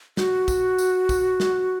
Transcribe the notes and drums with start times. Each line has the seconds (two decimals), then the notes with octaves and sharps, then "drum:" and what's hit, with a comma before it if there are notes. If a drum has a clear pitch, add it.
0.17 F#4, drum: snare
0.48 drum: kick, tambourine
0.79 drum: tambourine
1.09 drum: kick, tambourine
1.40 drum: snare